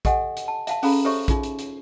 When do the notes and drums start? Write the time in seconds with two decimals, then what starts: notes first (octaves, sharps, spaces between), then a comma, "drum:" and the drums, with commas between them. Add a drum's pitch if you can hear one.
0.05 G4 A4 D#5 F#5 G#5, drum: kick A#1, hi-hat
0.37 drum: hi-hat
0.48 A5
0.67 E5 F5 A5, drum: hi-hat
0.83 C#4 G#4 A4 F5 A#5 B5, drum: open hi-hat
1.04 G4 A4 C5 C#5 E5 C#6
1.28 D#4 F4 G#4, drum: kick A#1, hi-hat
1.43 drum: hi-hat
1.59 drum: hi-hat